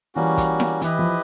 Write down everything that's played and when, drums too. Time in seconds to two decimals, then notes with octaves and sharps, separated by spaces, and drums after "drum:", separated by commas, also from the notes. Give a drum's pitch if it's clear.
0.15 E3 G3 A#3 C#4 F#4
0.38 drum: kick, hi-hat
0.60 drum: snare E4
0.82 E3 E4 G4 B4 D#5, drum: hi-hat
0.99 F3